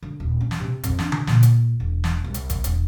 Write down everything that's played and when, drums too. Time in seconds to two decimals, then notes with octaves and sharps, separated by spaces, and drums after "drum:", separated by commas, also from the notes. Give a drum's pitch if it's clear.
0.03 D3
0.20 D#1
0.41 C#4
0.51 drum: snare
0.60 C3
0.83 F2, drum: kick, hi-hat
0.99 D4, drum: snare
1.12 drum: tom D3
1.27 A#2, drum: snare
1.43 drum: hi-hat
1.80 E1
2.04 drum: snare
2.24 C2
2.34 drum: hi-hat
2.50 drum: kick, hi-hat
2.64 E1, drum: hi-hat